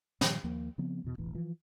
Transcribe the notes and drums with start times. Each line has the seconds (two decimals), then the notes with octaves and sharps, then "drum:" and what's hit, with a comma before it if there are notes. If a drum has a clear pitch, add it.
0.21 A#2 D#3 F3 G3, drum: snare
0.44 D#2 F3 A#3
0.78 C#3 F3 B3 C4
1.04 E2 B2
1.18 E1 A1 E3
1.35 E3 F3